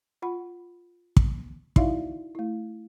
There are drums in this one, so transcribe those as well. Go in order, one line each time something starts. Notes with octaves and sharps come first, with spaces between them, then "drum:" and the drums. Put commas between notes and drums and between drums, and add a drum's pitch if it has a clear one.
F4 F#5 B5
drum: kick
D#4 E4 F#4 D5 E5 F5, drum: kick
A3 E4